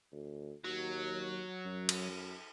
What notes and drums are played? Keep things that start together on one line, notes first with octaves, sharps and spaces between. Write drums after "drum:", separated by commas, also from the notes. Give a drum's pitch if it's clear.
D2
D#2 F#3
F#2
drum: cymbal